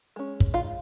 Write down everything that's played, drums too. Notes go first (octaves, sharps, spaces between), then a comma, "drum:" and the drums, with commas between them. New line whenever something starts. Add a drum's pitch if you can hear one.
G#3 C#4
drum: kick
F4